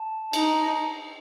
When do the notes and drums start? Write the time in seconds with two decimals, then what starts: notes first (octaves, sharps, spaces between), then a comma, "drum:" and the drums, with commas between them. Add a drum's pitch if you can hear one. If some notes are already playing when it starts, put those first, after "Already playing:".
Already playing: A5
0.33 D#4, drum: cymbal